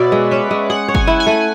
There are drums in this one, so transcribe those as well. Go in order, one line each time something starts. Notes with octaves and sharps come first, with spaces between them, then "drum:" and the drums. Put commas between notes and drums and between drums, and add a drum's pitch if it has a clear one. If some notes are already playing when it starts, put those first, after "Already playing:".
Already playing: B2 B4 C#5 D5 E5 F#5
G#3
C#4 E5
G#3
G#4 F#5
C#5
G#5, drum: kick G1
E4
G#5
A3